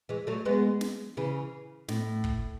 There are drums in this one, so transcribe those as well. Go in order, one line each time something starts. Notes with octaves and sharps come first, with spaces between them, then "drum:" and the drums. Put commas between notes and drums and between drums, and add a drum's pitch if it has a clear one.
E3 G#3
F#3 A3
G#3 B3
drum: snare
C#3 E3
A2, drum: snare
drum: kick